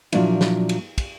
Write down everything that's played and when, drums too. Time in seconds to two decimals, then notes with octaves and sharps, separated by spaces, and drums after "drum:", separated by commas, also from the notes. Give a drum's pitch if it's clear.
0.12 A#2 F3 F#3 A#3 D4 E4, drum: cymbal
0.41 drum: snare
0.69 drum: cymbal
0.98 drum: kick, cymbal